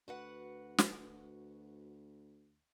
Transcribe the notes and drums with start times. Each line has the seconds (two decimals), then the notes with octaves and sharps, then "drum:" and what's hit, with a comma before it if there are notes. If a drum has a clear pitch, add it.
0.08 D2 F#4 B4 F#5
0.78 drum: snare